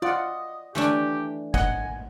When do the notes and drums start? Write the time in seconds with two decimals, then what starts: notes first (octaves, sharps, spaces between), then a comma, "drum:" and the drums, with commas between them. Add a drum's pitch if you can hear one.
0.02 F4 D5 D#5 F#5
0.75 E3 A3 D4 G4
1.54 D#5 F#5 G#5, drum: kick F#1